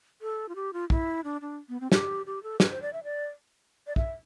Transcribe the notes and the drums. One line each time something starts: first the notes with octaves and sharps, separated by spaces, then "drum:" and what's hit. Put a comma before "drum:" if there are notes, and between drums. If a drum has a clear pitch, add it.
A4
F4
G4
F4
E4, drum: kick
D4
D4
B3
C4
G4, drum: snare
G4
A4
B4, drum: snare
C5
D5
E5
D5
D5
E5, drum: kick